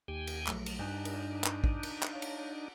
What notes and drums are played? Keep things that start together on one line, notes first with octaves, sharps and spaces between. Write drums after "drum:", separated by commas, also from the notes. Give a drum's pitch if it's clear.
D#2 G4 G5 G#5
drum: cymbal
A#1 F#3 A3, drum: clap
drum: cymbal
G2 D4 D#4 G#5 F#6
drum: cymbal
drum: clap
drum: kick
drum: cymbal
drum: clap
C#5 F5
drum: cymbal